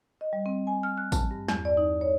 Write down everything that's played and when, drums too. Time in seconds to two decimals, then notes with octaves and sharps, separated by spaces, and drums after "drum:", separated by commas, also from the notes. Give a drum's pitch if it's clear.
0.21 D#5
0.33 G3
0.46 C4
0.67 G#5
0.83 F6
0.97 F#6
1.12 A5, drum: kick A1, tambourine
1.31 G2
1.48 E2, drum: snare
1.65 D5
1.77 D#4
2.01 C#5